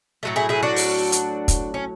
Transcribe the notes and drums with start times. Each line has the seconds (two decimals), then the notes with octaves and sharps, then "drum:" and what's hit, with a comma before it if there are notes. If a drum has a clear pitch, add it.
0.23 A2 F#3 A3
0.36 E4 G#4
0.49 E4 G#4
0.63 D4 F#4
0.76 drum: open hi-hat
1.12 drum: hi-hat
1.48 drum: kick, hi-hat
1.74 C#4